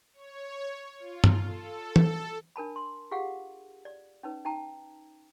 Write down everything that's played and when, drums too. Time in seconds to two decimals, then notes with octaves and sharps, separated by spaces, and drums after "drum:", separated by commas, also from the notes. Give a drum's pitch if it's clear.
0.13 C#5
0.99 F4
1.24 drum: tom G2
1.42 A4
1.96 drum: tom
2.56 D4 A#4 A5 B5
2.76 C6
3.11 F4 G4 G#4 F5 F#5
3.85 D5
4.23 C#4 D#4 B4
4.45 D#4 G5 A5 A#5